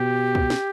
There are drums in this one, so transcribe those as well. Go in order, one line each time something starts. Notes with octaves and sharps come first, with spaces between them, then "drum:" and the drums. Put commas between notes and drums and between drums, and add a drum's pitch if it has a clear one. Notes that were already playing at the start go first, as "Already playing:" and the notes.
Already playing: B2 G4
drum: kick
drum: snare